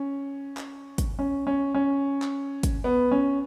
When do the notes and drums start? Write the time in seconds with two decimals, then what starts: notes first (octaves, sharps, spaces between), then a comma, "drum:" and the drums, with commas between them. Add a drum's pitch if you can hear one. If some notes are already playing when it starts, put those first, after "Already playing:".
Already playing: C#4
0.57 drum: clap
0.98 drum: kick, hi-hat
1.19 C#4
1.47 C#4
1.75 C#4
2.22 drum: clap
2.63 drum: kick, hi-hat
2.84 B3
3.11 C#4